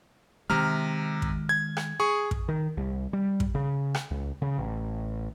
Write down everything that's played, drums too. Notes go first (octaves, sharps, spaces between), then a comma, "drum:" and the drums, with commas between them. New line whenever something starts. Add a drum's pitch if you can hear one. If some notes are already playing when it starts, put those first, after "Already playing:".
C3 D#3 G#3 A#5 F6
drum: kick
G#6
drum: rim click
G#4 C#6
drum: kick
D#3
C2
G3
drum: kick
C#3
drum: rim click
C#2
C#3
A1